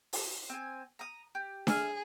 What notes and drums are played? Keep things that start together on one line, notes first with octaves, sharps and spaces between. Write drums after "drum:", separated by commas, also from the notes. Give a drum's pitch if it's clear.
drum: open hi-hat
C4 G#5
A#5 D#6
G4
G#4 E5 F6, drum: snare D4